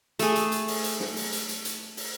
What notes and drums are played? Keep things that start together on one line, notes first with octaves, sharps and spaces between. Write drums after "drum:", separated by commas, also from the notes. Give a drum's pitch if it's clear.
A3 G#4, drum: hi-hat
drum: hi-hat
drum: hi-hat
drum: open hi-hat
drum: hi-hat
drum: snare
drum: open hi-hat
drum: hi-hat
drum: hi-hat
drum: hi-hat
drum: open hi-hat